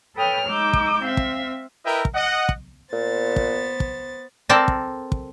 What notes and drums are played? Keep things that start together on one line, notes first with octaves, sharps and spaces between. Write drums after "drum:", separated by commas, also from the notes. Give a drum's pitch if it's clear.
A4 B4 C#5 G5 D#6 F6
G#3 D#4 D6 E6 G6
drum: kick
C4 E5 F5
drum: kick
E4 A#4 B4 D#5 E5 G5
drum: kick
D#5 F#5
drum: kick
A#2 B3 C5 A6
drum: kick
drum: kick
C4 A4 A#4 D5 A5
drum: kick
drum: kick